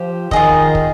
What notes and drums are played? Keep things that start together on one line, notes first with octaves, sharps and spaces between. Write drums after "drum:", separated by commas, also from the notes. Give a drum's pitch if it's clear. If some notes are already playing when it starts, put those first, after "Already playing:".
Already playing: F3 G4 C5
D#3 F4 G#4 D#5, drum: kick
drum: kick